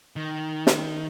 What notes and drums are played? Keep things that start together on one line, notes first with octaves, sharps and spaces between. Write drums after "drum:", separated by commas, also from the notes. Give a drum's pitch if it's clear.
D#3
drum: snare